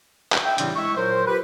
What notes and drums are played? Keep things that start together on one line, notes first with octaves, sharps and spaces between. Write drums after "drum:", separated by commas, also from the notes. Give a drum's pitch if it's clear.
drum: clap
E5 G5
A2 C#3 E3 G3 C4 D4, drum: hi-hat
G#3 E4 E5 C#6
A#2 F#3 A#4 C5
F4 G4 A#4 B4